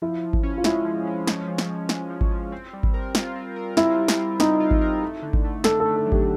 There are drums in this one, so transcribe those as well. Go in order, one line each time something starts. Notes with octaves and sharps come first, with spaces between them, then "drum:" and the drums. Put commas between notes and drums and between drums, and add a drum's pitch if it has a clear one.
F3 E4
F3
drum: kick G#1
C#4
F4
G#3 E4, drum: snare
F3
G#3
F3, drum: snare
F3
drum: snare
F3
G#3, drum: snare
F3
drum: kick G#1
F3
C4
G3
drum: kick G#1
A#4
F4, drum: snare
C4
A#4
C4 E4, drum: snare
G3
drum: snare
F4
C4 D#4, drum: snare
F4
drum: kick G#1
A#4
A3
D3
drum: kick G#1
A3
D4 A4, drum: snare
A4
A3
A4
F#3
G4, drum: kick G#1